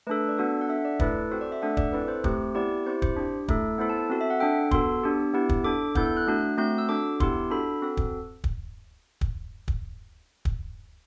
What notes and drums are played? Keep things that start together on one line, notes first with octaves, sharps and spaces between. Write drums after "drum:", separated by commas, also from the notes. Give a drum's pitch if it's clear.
A3 D4 A4 B4
D5
B3 D4 F#4 A4
F#5
D4 A4 E5
D5
A3 E4 A4 B4, drum: kick
C4 F#4 A4 C5
D5
E5
A3 D4 A4 F#5
D5, drum: kick
C4 E4 A4 B4
C5
A3 C4 G4 C5, drum: kick
B3 E4 G4 D5
C4 E4 G4 C5
C5, drum: kick
D4 G4
A3 E4 A4, drum: kick
B3 E4 A4 C5
A5
C4 F#4 A4
E5
F#5
D4 A4 G5
B3 F#4 A4 C6, drum: kick
B3 D4 G4
B3 E4 G4
drum: kick
D4 A4 D6
B3 E4 A4 G6, drum: kick
G6
F#6
A3 D4 F#4
A3 C4 F#4 G6
E6
D4 F#4 A4 D6
B3 E4 G4 C6, drum: kick
D4 F#4 A4 B5
C4 F#4 A4
drum: kick
drum: kick
drum: kick
drum: kick
drum: kick